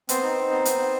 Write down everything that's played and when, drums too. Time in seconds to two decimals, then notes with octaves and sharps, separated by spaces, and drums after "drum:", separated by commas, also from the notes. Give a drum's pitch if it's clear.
0.09 B3 C4 C5, drum: hi-hat
0.23 D#4
0.38 D#4
0.51 B3
0.65 B3, drum: hi-hat
0.79 B3